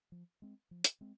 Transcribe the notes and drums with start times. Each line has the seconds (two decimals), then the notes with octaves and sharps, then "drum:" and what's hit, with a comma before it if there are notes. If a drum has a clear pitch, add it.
0.12 F3
0.42 G#3 C4
0.71 F3
0.84 drum: hi-hat
1.01 G#3 C4